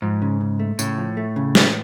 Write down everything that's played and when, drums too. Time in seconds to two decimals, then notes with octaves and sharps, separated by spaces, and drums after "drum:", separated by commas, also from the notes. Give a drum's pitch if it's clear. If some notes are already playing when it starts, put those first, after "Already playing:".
0.02 G#2 F3
0.22 C#3
0.41 C#3
0.59 A3
0.79 A2 C#3, drum: tambourine
0.98 F3
1.17 A3
1.36 C#3
1.55 E3, drum: snare